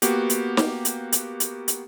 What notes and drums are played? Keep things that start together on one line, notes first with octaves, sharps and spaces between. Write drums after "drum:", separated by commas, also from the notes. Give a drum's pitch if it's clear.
A#3 B3 F#4 G4, drum: hi-hat
drum: hi-hat
drum: snare
drum: hi-hat
drum: hi-hat
drum: hi-hat
drum: hi-hat